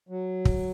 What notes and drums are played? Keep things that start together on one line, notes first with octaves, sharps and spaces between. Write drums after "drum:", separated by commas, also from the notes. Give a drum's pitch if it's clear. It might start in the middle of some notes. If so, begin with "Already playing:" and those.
F#3
drum: kick